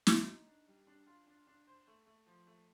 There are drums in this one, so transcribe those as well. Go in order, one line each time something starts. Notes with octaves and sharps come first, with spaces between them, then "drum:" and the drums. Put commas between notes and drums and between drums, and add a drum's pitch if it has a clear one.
D#4, drum: snare
D#4
D4
G3
D4
F4
D4
D4
C5
A3
A3
F3
A3